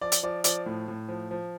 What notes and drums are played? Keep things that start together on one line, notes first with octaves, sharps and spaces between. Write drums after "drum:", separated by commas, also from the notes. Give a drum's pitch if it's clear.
F3 D5
drum: hi-hat
F3 D5
F3 D5, drum: hi-hat
A2
A2
F3
F3